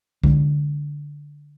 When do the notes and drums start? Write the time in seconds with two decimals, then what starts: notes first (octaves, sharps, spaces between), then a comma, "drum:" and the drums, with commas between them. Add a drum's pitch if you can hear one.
0.24 D3 G#3 D4, drum: kick B1